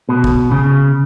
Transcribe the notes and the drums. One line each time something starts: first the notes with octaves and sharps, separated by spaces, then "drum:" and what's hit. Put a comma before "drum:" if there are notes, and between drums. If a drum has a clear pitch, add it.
B2
drum: kick A1
C#3